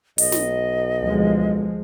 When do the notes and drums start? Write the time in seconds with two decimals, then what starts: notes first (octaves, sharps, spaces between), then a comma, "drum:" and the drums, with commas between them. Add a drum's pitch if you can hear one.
0.18 B1 D#5, drum: open hi-hat
0.32 drum: snare
1.01 D2 F3 G#3